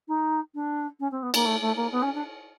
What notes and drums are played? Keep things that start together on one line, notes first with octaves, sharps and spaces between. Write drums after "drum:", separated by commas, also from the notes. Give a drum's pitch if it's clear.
D#4
D4
C#4
C4
B3
A#3, drum: cymbal
A3
A3
A#3
B3
C#4
D4